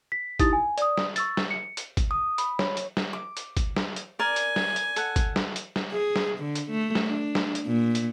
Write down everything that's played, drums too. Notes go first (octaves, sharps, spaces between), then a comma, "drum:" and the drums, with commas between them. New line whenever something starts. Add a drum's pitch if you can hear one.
B6
D#4 E4 G4 D#6 A6, drum: kick G#1, hi-hat
G#5
D5 D#6, drum: hi-hat
drum: snare
C#6 E6 A6, drum: hi-hat
drum: snare
C#7
drum: hi-hat
drum: kick G#1, hi-hat
D#6
B5, drum: hi-hat
C#5, drum: snare
drum: hi-hat
drum: snare
D6
drum: hi-hat
drum: kick G#1, hi-hat
drum: snare
drum: hi-hat
A#4 D5 G#5
drum: hi-hat
drum: snare
drum: hi-hat
A4 F#5, drum: hi-hat
drum: kick G#1, hi-hat
drum: snare
drum: hi-hat
drum: snare
G#4
drum: snare
D3
drum: hi-hat
A3
drum: snare
D4
drum: snare
drum: hi-hat
A#2
drum: hi-hat